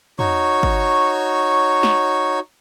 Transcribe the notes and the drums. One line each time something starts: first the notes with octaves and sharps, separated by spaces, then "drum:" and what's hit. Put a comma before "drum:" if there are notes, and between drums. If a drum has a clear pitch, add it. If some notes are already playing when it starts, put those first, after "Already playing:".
D#4 F#4 C#5 C#6, drum: tom
drum: kick
drum: snare